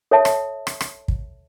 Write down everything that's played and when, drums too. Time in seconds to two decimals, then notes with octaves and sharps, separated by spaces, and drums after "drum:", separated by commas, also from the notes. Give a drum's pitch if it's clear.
0.11 A4 C#5 E5 A5
0.25 drum: rim click
0.67 drum: rim click
0.81 drum: rim click
1.08 drum: kick